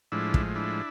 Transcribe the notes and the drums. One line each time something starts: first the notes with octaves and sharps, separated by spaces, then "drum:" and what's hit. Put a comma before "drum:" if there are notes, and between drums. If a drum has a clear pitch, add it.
A2 F3 G#3 D4 E4
drum: kick
D4 E4